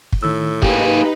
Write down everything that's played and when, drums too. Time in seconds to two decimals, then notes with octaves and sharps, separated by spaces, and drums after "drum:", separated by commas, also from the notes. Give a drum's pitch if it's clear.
0.13 drum: kick
0.23 A2 D#3 E6
0.62 A#3 D#4 G4 G#4 B4, drum: kick